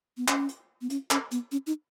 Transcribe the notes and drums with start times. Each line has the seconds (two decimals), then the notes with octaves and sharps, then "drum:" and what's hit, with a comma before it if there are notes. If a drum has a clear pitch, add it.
0.17 B3
0.28 C#4, drum: clap
0.49 drum: hi-hat
0.81 B3
0.90 C#4, drum: hi-hat
1.11 C#4, drum: clap
1.31 B3, drum: hi-hat
1.52 C#4
1.67 D#4